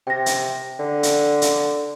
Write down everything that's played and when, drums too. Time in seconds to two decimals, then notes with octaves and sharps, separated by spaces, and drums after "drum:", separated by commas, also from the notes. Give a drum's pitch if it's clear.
0.07 C3 G5 A#6
0.26 drum: hi-hat
0.79 D3
1.03 drum: hi-hat
1.42 drum: hi-hat